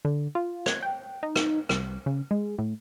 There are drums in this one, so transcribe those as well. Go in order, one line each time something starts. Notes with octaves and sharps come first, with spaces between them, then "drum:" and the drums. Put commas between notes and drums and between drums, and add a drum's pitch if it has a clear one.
D3
F4
G#6, drum: rim click
G5
D#4
drum: rim click
C2, drum: rim click
C#3
G#3
A2